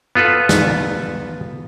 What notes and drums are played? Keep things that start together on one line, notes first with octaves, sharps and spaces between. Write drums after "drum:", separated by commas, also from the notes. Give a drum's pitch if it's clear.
B3 F4 A4 B4
drum: snare